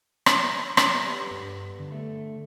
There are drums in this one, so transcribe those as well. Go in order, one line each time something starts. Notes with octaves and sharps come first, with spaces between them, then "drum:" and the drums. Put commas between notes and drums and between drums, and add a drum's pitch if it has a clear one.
drum: rim click
drum: rim click
G3 B3
G2
D3
A3